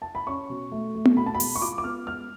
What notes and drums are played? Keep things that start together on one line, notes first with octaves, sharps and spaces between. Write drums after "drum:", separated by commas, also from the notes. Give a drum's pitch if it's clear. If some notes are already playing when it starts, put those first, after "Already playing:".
A5
B5
C#4 C#6
B2
A3
A3
drum: tom B3
B2 B5
A5
B5
G#3, drum: open hi-hat
C#6
F4 D6
D6
B3 F6
G#3 F6